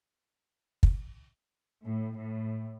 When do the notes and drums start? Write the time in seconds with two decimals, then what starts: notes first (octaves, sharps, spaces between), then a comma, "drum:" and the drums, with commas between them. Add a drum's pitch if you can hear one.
0.83 drum: kick
1.84 A2
2.16 A2